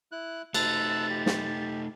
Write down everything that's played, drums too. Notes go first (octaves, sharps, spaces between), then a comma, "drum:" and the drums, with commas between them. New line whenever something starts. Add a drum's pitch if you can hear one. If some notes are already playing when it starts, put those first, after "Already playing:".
E4 F#6
A3 D#4 A5 E6 F#6 A6, drum: cymbal
G4
drum: snare